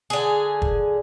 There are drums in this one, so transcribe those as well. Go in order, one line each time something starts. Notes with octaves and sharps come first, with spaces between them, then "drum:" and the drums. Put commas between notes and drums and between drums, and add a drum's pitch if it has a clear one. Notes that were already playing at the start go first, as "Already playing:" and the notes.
D3 G#4
drum: kick